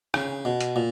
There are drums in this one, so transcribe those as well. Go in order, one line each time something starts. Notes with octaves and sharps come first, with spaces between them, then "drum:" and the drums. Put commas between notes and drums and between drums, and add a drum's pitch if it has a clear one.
C#3, drum: rim click
B2
drum: hi-hat
A#2